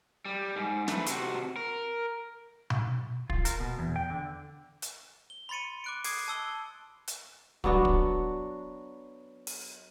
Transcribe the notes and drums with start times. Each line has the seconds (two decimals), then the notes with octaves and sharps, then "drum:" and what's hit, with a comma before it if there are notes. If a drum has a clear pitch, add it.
0.26 G3
0.56 G#2
0.88 A3 B4, drum: snare
1.06 C3 F#4, drum: hi-hat
1.56 A#4
2.70 drum: tom B2
3.30 F4, drum: kick
3.45 A#4, drum: hi-hat
3.60 B2
3.79 E2
3.96 G5
4.10 D3
4.82 drum: hi-hat
5.30 G7
5.49 B5 C6 A6 C#7 D#7
5.84 D6 F#6 D7
6.04 D6 D#6 G#6 C7, drum: open hi-hat
6.28 A5 E6 G7
7.07 drum: hi-hat
7.64 F#3 B3 D4 F#4, drum: kick
7.85 drum: kick
9.47 drum: open hi-hat